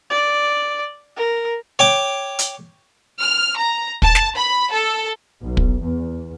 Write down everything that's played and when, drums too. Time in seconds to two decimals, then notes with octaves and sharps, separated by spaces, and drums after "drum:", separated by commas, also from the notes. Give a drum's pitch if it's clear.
0.10 D5
1.17 A#4
1.79 C#5 G5 D6
2.39 drum: hi-hat
3.20 F6
3.57 A#5
4.02 A5, drum: kick
4.15 drum: snare
4.36 B5
4.71 A4
5.41 B1
5.57 drum: kick
5.82 E2